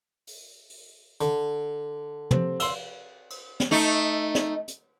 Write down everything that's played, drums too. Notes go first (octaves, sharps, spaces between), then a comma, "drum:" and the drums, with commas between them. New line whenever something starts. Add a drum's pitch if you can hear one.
drum: open hi-hat
drum: open hi-hat
D3, drum: hi-hat
C4 G4, drum: tom
C6 E6, drum: cymbal
drum: cymbal
drum: snare
A3 D#4
drum: snare
drum: hi-hat